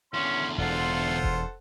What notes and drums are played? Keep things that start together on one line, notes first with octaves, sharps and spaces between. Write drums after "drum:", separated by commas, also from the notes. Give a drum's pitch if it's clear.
E2 D3 C#4 C6
E1 F4 A4 C5 F#5
drum: kick F1